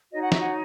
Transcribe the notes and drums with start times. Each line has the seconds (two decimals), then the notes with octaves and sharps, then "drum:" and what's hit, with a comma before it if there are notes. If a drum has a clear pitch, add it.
0.12 D#4 F#4 C#5 D#5
0.21 F#5
0.32 E5, drum: snare
0.41 F#5